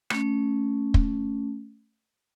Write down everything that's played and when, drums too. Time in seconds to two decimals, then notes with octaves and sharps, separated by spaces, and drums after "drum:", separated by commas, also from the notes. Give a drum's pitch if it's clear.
0.10 A3 C#4, drum: rim click
0.94 drum: kick